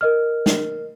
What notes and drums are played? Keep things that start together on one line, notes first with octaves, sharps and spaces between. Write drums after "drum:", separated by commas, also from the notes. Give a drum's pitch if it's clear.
A#4 D#5 F6
drum: snare